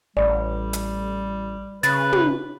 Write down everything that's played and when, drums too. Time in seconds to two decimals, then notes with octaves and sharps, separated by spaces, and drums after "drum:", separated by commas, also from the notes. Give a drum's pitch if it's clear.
0.17 A1 G3 D5
0.73 drum: hi-hat
1.83 C#3 B4 A6, drum: hi-hat
2.13 drum: tom